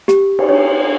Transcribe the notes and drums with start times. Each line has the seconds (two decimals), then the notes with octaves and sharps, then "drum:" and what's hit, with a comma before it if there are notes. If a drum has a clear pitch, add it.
0.08 G4, drum: snare
0.39 drum: cymbal
0.49 C#5